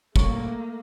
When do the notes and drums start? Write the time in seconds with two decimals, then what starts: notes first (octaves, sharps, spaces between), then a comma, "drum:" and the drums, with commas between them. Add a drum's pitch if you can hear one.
0.16 G3 A3 A#3 C#5 C#6, drum: kick